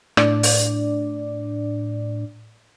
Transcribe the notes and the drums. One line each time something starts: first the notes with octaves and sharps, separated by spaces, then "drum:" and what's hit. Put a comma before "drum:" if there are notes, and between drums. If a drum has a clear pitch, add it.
A2 D4 D5, drum: rim click
drum: open hi-hat